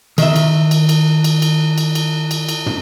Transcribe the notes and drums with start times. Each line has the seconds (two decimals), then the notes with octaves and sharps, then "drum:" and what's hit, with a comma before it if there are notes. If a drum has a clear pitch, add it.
0.18 D#3 E5, drum: cymbal
0.36 drum: cymbal
0.71 drum: cymbal
0.89 drum: cymbal
1.24 drum: cymbal
1.42 drum: cymbal
1.78 drum: cymbal
1.95 drum: cymbal
2.31 drum: cymbal
2.49 drum: cymbal
2.66 drum: tom